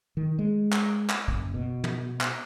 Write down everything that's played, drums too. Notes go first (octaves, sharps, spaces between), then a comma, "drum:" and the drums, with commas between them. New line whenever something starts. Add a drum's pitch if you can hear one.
D#3
G#3
drum: clap
drum: clap
F#1, drum: kick
B2
drum: tom
drum: clap